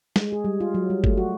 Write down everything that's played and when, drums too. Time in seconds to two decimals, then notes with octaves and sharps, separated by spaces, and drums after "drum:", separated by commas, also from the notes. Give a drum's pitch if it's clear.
0.16 G#3, drum: snare
0.32 G#4
0.44 G3
0.60 F4
0.74 F#3
0.90 G3
1.04 A3, drum: kick G1
1.17 F#4